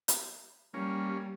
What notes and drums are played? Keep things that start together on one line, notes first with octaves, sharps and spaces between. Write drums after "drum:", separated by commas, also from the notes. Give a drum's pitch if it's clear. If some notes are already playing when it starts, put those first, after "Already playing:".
drum: hi-hat
G3 A#3 C#4